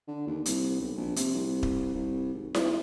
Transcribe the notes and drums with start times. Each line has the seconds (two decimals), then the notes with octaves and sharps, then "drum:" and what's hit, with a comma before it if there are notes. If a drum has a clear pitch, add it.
0.08 D3
0.27 D#2
0.46 C2, drum: hi-hat
0.80 B1
0.97 A#1
1.16 C3, drum: hi-hat
1.34 C2
1.63 drum: kick D#1
1.94 C2
2.33 G#1
2.55 G#1, drum: snare E4